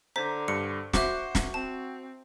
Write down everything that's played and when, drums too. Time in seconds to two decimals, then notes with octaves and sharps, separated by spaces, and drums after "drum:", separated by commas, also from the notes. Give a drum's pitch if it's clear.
0.16 D3 C5 A#5 B6
0.48 G2 C#7
0.94 F#4 C5 E5 D6, drum: snare
1.35 drum: snare
1.54 C4 A5